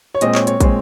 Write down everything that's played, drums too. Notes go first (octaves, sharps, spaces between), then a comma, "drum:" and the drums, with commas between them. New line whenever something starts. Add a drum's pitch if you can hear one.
C#5
A#2 G#3 C4 D#5, drum: hi-hat
C#5, drum: clap
C#5, drum: hi-hat
A#2 G#3 C4, drum: kick, hi-hat